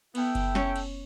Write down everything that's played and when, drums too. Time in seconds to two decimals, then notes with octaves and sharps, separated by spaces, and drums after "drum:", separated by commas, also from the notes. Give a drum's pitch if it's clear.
0.15 B3 E4 A4 E5 G5, drum: cymbal
0.35 drum: kick F#1, cymbal
0.55 C#4, drum: snare
0.76 drum: cymbal